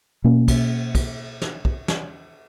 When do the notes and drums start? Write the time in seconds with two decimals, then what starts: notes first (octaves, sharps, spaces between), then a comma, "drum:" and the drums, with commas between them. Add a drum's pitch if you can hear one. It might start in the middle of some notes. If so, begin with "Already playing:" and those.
0.24 B2 A#3 C#4
0.48 drum: kick, cymbal
0.95 drum: kick, cymbal
1.42 drum: snare
1.65 drum: kick
1.88 drum: snare